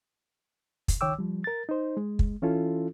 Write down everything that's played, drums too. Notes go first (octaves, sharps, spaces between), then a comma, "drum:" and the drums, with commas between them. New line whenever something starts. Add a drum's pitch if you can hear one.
drum: kick, hi-hat
C#2 D#3 C#5 G5 D6 E6
F3 G3
A#4 A6
D#4 C5
G#3
drum: kick
E3 C#4 E4 F4 A4